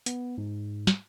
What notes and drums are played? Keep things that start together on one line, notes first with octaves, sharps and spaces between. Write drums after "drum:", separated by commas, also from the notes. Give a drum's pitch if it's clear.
B3, drum: hi-hat
G#2
drum: snare